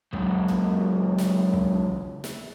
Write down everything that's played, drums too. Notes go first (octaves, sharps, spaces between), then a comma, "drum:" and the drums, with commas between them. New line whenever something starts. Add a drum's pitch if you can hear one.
C#2 F#2, drum: kick
drum: tom
drum: snare
drum: kick
drum: snare